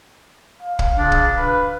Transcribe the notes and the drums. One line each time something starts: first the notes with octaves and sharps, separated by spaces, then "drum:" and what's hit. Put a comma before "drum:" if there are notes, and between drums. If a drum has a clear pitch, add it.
F5
drum: kick
A#2 C#3 D4
drum: kick
B4